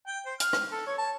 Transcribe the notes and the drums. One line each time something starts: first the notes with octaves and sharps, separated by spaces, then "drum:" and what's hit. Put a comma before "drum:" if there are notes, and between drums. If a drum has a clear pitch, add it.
G5
C5
F6, drum: hi-hat
drum: rim click
A4
C#5
A5